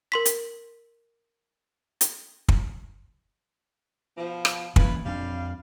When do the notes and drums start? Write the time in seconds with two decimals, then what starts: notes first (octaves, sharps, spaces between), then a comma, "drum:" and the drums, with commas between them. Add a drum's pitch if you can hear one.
0.12 A#4 C6 B6
0.25 drum: hi-hat
2.01 drum: hi-hat
2.49 drum: kick
4.18 B2 F3
4.45 drum: rim click
4.76 E3 A#3 C#4 E4 F4 B4, drum: kick
5.06 F2 G3 C4 D4 F5